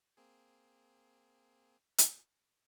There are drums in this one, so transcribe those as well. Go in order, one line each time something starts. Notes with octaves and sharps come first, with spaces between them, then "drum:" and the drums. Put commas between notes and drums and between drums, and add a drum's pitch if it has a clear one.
A#3 C4 G#4
drum: hi-hat